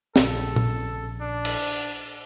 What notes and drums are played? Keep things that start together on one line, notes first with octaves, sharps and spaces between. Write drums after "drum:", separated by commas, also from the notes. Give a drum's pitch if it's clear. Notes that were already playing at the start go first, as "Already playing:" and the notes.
A#1 C#3 A4, drum: snare
drum: tom A#2
D4
drum: cymbal